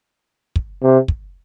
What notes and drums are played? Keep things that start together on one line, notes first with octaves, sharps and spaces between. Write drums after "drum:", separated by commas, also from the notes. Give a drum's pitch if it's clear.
drum: kick
C3
drum: kick